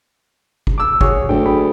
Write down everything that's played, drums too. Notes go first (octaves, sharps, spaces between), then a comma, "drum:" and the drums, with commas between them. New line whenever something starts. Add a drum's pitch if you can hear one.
drum: kick
D6 E6
F#4 G#4 C#5, drum: kick
D2 G5, drum: tom G#2
G#4 G5 B5